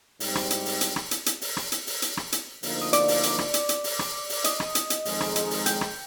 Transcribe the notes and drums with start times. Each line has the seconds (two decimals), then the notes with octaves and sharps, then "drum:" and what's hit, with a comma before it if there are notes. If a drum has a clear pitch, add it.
0.20 G#2 G3 C4, drum: open hi-hat
0.35 drum: rim click
0.51 drum: hi-hat
0.66 drum: open hi-hat
0.81 drum: hi-hat
0.96 drum: rim click
1.11 drum: hi-hat
1.26 drum: hi-hat
1.41 drum: open hi-hat
1.57 drum: rim click
1.72 drum: hi-hat
1.87 drum: open hi-hat
2.02 drum: hi-hat
2.17 drum: rim click
2.32 drum: hi-hat
2.63 D2 D3 F3 A#3 D#4, drum: open hi-hat
2.81 D#6
2.93 D5 D6, drum: hi-hat
3.08 drum: open hi-hat
3.23 drum: hi-hat
3.39 drum: rim click
3.54 drum: hi-hat
3.69 drum: hi-hat
3.84 drum: open hi-hat
3.99 drum: rim click
4.29 drum: open hi-hat
4.44 D#5 D#6, drum: hi-hat
4.60 drum: rim click
4.75 drum: hi-hat
4.90 drum: hi-hat
5.05 F2 D#3 G#3 D#4, drum: open hi-hat
5.20 drum: rim click
5.36 drum: hi-hat
5.51 drum: open hi-hat
5.66 G5 G6, drum: hi-hat
5.81 drum: rim click